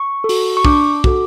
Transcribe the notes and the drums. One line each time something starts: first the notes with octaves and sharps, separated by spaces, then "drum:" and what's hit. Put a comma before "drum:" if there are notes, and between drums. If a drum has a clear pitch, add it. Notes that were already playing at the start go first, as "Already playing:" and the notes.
Already playing: C#6
A4
F#4, drum: open hi-hat
C#6
D4 D6, drum: kick
F#4 A4, drum: kick